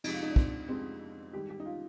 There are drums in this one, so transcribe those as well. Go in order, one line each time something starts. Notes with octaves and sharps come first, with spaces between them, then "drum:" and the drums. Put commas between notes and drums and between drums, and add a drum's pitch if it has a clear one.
F2 C3 F3 G#3 D#4, drum: cymbal
F4
D#4
D4
C4, drum: kick
F2 C3 F3 G#3 C4
G#2 D#3 G3 G4
G4
D#4
F4